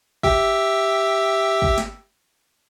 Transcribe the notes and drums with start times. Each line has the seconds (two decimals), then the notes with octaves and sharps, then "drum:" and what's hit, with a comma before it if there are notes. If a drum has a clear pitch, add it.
0.23 G4 E5, drum: kick
1.62 drum: kick
1.78 drum: snare